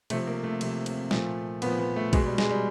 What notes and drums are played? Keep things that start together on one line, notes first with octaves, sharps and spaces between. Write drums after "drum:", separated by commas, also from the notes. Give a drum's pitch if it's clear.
C3 F3 A3, drum: cymbal
A#3
A3
C3 F3, drum: cymbal
drum: cymbal
A#2 F3 A3, drum: snare
A#2 F3 B3, drum: cymbal
B3
A3
B2 G#3, drum: kick A#1, cymbal
G3
G#3, drum: snare
G3